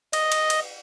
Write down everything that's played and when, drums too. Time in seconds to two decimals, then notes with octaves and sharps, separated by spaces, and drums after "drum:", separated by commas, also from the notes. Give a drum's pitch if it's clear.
0.13 D#5, drum: cymbal
0.32 drum: cymbal
0.50 drum: cymbal